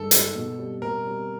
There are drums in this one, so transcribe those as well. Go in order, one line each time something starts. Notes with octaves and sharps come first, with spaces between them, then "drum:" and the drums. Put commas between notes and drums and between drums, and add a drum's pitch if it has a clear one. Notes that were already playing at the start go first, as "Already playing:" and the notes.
Already playing: G2 D#3 G#3 A4
D#3 G#3, drum: hi-hat
B2
G3 C4
B2 A#4
G3 C4